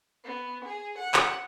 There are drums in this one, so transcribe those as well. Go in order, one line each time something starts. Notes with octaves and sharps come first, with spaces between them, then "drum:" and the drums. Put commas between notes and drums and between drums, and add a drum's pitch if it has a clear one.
B3
G#4
F#5
drum: clap